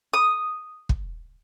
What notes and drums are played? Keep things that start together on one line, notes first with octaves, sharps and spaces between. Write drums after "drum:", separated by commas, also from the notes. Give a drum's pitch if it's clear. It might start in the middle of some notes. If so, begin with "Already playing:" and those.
D#6
drum: kick